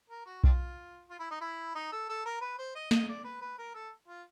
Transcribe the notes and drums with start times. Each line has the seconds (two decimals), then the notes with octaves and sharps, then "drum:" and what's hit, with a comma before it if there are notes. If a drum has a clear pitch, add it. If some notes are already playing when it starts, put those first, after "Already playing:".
0.10 A#4
0.26 F#4
0.44 C4 D4 F4, drum: kick B1
1.10 F4
1.19 E4
1.31 D#4
1.41 E4
1.75 D#4
1.92 A4
2.09 A4
2.26 A#4
2.41 B4
2.58 C5
2.75 D#5
2.91 D#5, drum: snare
3.09 D5
3.24 B4
3.41 B4
3.58 A#4
3.75 A4
4.08 F4